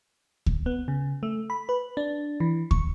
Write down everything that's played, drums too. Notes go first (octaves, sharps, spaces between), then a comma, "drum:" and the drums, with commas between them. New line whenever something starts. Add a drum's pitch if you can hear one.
drum: kick D2
B3
C#3
A3
B5
B4
D4
E3
C#6, drum: kick D2